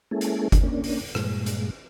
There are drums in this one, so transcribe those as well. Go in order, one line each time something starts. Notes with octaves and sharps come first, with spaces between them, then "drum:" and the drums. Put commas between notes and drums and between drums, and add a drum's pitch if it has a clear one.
G#3 A#3 C#4 E4 G#4 A4
drum: hi-hat
drum: kick F#1, hi-hat
A#3 C#4 D4
drum: open hi-hat
G2 A#2 G#3, drum: rim click
drum: hi-hat